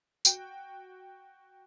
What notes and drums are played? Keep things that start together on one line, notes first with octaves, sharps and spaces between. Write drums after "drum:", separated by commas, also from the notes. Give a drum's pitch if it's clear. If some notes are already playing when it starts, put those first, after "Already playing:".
F#4 G5, drum: tambourine